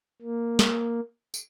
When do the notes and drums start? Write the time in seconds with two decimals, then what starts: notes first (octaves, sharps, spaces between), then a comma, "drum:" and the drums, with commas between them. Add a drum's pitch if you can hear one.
0.22 A#3
0.59 drum: snare
1.34 drum: tambourine